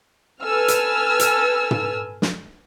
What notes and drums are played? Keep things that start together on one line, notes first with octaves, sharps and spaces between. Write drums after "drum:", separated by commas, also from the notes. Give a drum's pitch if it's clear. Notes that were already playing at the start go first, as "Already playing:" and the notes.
A4 B4 G#5 E6 F6
drum: hi-hat
drum: hi-hat
drum: tom
drum: snare